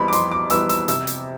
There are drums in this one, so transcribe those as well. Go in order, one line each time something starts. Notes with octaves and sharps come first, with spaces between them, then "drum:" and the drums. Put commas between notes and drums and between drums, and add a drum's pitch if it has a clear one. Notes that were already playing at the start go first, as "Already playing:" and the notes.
Already playing: F2 E3 G3 B3 B5 C6
D6
F2 C6, drum: hi-hat
D6
E3 G3 B3 E6, drum: hi-hat
E6, drum: hi-hat
C3 E6, drum: hi-hat
drum: hi-hat